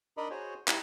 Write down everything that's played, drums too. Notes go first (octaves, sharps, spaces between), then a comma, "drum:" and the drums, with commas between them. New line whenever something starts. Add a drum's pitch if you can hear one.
D4 D#4 A#4 D5 D#5 B5
F#4 G#4 C5 C#5
D#4 E4 G4, drum: clap